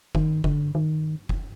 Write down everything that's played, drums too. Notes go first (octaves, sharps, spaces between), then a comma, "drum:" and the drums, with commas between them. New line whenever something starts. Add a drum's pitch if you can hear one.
D#3, drum: kick F1
D3, drum: kick F1
D#3
drum: kick F1